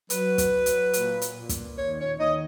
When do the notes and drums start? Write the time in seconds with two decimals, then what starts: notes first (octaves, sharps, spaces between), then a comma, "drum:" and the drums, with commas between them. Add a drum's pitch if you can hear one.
0.10 F#3 B4, drum: hi-hat
0.38 drum: kick, hi-hat
0.53 F#3
0.66 drum: hi-hat
0.93 A#2, drum: hi-hat
1.22 drum: hi-hat
1.35 A#2
1.49 drum: kick, hi-hat
1.77 D#2 C#5
1.98 C#5
2.18 D#2 D#5